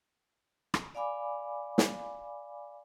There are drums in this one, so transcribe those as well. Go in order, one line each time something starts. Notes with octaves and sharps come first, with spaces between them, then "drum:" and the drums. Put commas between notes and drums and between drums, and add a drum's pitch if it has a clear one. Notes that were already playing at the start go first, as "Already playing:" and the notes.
drum: rim click
D5 F5 G#5 B5 D6
drum: snare